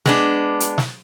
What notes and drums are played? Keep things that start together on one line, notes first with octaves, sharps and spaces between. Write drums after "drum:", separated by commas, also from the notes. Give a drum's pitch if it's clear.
G#3 B3 D4, drum: snare
drum: hi-hat
drum: snare